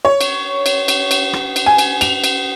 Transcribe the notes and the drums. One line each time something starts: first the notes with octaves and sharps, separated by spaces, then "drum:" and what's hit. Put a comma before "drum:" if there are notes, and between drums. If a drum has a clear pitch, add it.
C#5
drum: cymbal
drum: cymbal
drum: cymbal
drum: cymbal
drum: rim click
drum: cymbal
G#5
drum: cymbal
F7, drum: cymbal
drum: cymbal